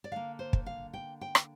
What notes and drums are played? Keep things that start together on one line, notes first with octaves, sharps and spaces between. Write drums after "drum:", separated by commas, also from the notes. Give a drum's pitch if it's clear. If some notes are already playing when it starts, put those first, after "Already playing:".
D5
D3 A#3 F5
C5
drum: kick
F5
G5
G5
drum: rim click